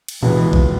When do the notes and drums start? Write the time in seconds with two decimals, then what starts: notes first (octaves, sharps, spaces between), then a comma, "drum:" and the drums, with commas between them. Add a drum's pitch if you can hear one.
0.08 drum: cymbal
0.23 C#2 B2 E3 G#3 B3, drum: tom A2
0.53 drum: kick A#1